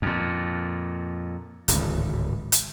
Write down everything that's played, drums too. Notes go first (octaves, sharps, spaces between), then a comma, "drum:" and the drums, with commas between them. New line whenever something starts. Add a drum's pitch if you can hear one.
F2 A#2
D1 G#1 C#2, drum: hi-hat
drum: hi-hat